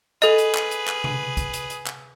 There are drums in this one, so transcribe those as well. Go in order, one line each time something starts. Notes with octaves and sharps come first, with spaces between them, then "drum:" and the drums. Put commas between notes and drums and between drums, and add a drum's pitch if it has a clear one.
G#4 A4 B4 D#5, drum: hi-hat
drum: hi-hat
drum: clap
drum: hi-hat
drum: clap
drum: tom C3
drum: kick, hi-hat
drum: hi-hat
drum: hi-hat
drum: clap